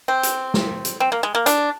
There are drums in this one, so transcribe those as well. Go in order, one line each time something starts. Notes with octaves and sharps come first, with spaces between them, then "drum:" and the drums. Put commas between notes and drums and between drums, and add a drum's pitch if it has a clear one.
C4
drum: hi-hat
drum: snare
drum: hi-hat
C4
A#3
G#3
A#3
D4, drum: hi-hat